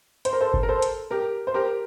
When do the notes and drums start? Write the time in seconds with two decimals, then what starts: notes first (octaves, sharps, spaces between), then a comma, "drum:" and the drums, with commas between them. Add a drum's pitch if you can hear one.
0.25 C5, drum: hi-hat
0.33 A#4
0.41 A4 C5
0.54 drum: kick G1
0.63 A#4
0.68 A4 C5
0.82 drum: hi-hat
1.11 G4 A#4
1.47 C5
1.54 G4 A#4